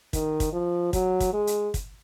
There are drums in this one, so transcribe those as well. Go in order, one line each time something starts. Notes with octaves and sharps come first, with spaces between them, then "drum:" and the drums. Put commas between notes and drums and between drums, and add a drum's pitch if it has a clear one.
D#3, drum: kick, hi-hat
drum: kick, hi-hat
F3
F#3, drum: kick, hi-hat
drum: kick, hi-hat
G#3
drum: hi-hat
drum: kick, hi-hat